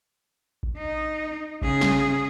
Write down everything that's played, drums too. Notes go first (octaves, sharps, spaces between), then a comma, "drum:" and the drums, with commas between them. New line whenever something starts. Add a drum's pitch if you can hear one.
drum: kick A1
D#4
C#3 G#4, drum: kick A1
drum: snare